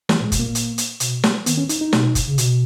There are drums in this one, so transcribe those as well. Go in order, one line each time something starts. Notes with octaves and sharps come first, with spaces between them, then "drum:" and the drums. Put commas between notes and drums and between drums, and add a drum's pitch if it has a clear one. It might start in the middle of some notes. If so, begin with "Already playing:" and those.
E3 G#3, drum: snare
A#2
G#3
B2, drum: kick F#1, hi-hat
A#2 A#3
drum: hi-hat
drum: hi-hat
B2, drum: hi-hat
drum: snare
D#3 B3, drum: hi-hat
C#4
D#4, drum: hi-hat
D#4
B2, drum: snare
drum: kick F#1, hi-hat
C#3
B2, drum: hi-hat